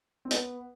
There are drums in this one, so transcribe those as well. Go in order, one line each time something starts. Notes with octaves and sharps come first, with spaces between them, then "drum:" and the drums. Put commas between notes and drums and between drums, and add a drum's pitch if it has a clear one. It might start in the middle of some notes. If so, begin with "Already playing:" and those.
C4
B3, drum: hi-hat